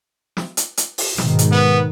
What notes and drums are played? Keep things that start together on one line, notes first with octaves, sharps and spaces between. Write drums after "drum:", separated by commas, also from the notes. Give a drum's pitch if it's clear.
drum: snare
drum: hi-hat
drum: hi-hat
drum: open hi-hat
G#2 B2 D#3, drum: snare
drum: hi-hat
B3